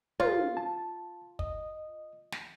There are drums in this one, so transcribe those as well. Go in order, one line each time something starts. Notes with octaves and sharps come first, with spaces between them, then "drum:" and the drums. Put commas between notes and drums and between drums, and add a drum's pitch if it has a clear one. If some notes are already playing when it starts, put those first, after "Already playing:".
F4, drum: tom
A5
D#5, drum: kick
drum: snare